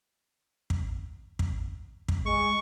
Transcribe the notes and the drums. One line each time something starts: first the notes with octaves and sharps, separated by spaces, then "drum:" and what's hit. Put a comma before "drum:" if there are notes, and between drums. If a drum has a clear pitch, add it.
drum: kick
drum: kick
drum: kick
G#3 C#6